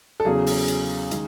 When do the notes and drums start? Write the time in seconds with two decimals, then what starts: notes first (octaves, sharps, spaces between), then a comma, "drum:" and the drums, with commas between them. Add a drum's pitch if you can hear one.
0.20 A4
0.25 E2 C#3 F#3 G#4
0.46 drum: open hi-hat
0.68 drum: hi-hat
1.11 D#3 G#3, drum: hi-hat